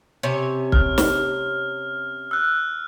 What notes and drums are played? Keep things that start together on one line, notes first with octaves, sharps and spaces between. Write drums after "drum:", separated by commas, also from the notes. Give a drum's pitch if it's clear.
C3 C#4 C#5
F6, drum: kick
drum: snare
E6 F#6